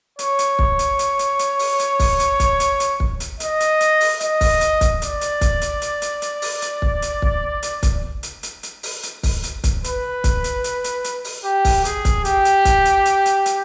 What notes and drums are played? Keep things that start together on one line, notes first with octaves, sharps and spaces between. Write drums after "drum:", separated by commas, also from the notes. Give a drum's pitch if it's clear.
C#5, drum: hi-hat
drum: hi-hat
drum: kick
drum: hi-hat
drum: hi-hat
drum: hi-hat
drum: hi-hat
drum: open hi-hat
drum: hi-hat
drum: kick, open hi-hat
drum: hi-hat
drum: kick, hi-hat
drum: hi-hat
drum: hi-hat
drum: kick
drum: hi-hat
D#5, drum: hi-hat
drum: hi-hat
drum: hi-hat
drum: open hi-hat
D#5, drum: hi-hat
drum: kick, open hi-hat
drum: hi-hat
drum: kick, hi-hat
D5, drum: hi-hat
drum: hi-hat
drum: kick, hi-hat
drum: hi-hat
drum: hi-hat
drum: hi-hat
drum: hi-hat
drum: open hi-hat
drum: hi-hat
drum: kick
drum: hi-hat
drum: kick
drum: hi-hat
drum: kick, hi-hat
drum: hi-hat
drum: hi-hat
drum: hi-hat
drum: open hi-hat
drum: hi-hat
drum: kick, open hi-hat
drum: hi-hat
drum: kick, hi-hat
B4, drum: hi-hat
drum: kick, hi-hat
drum: hi-hat
drum: hi-hat
drum: hi-hat
drum: hi-hat
drum: open hi-hat
G4
drum: kick, open hi-hat
G#4, drum: hi-hat
drum: kick, hi-hat
G4, drum: hi-hat
drum: hi-hat
drum: kick, hi-hat
drum: hi-hat
drum: hi-hat
drum: hi-hat
drum: hi-hat